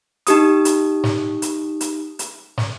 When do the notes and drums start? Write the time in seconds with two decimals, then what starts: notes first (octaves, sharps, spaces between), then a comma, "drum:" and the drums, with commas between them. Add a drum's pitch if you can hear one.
0.27 D#4 G4 D#6, drum: hi-hat
0.65 drum: hi-hat
1.04 drum: snare
1.42 drum: hi-hat
1.81 drum: hi-hat
2.19 drum: hi-hat
2.58 drum: snare